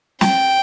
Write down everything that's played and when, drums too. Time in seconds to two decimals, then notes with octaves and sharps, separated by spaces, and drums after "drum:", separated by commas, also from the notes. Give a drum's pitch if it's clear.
0.21 G5, drum: snare